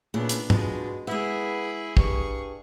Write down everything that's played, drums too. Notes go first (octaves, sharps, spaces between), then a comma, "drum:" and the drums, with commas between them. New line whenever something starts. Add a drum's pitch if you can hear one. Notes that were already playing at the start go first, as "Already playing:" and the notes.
A#2 C#3 B3 D4 E4
drum: hi-hat
B2 G#3 D4 F4, drum: tom
G#3 B3 E4 G#4 E5
G2 G#4 C#6, drum: kick